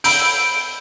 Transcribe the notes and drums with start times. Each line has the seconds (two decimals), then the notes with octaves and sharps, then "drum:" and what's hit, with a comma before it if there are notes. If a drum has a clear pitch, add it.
0.04 B5 E6 G6 D7, drum: open hi-hat